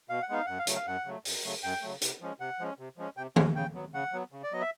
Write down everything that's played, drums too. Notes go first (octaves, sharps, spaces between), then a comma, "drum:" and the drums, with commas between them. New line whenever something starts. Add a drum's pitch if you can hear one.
B2 F5
F#5
G#3 B3 D#4 F5
F#2 F#5
F5
C#3 F#3 A3, drum: hi-hat
F5
F#2 F#5
C#3 F#3 A3
F#2, drum: open hi-hat
C#3 F#3 A3
F#2 G5
C#3 F#3 A3
C3, drum: hi-hat
F3 G#3 C#4
C3 F#5
F3 G#3 C#4
C3
F3 G#3 C#4
C3 G5
F3 G#3 C#4 F#5, drum: tom D#3
C#3 G5
F#3 B3
C#3 F#5
F#3 B3
C#3
D5
F#3 B3 D#5
E5